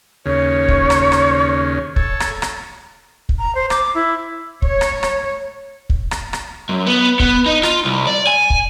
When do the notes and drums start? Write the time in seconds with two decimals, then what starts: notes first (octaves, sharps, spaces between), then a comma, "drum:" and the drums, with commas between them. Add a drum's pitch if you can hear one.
0.26 D#2 C#3 C#5
0.68 drum: kick
0.90 drum: rim click
1.12 drum: rim click
1.96 A4 C#5, drum: kick
2.20 drum: rim click
2.42 drum: rim click
3.29 drum: kick
3.39 A#5
3.55 C5
3.70 D6, drum: rim click
3.95 E4
4.62 C#5, drum: kick
4.81 drum: rim click
5.03 drum: rim click
5.90 drum: kick
6.11 drum: rim click
6.33 drum: rim click
6.69 F#2
6.87 B3
7.20 B3, drum: kick
7.46 D#4
7.63 F4, drum: rim click
7.85 C2
8.07 D5
8.27 G#5
8.50 drum: kick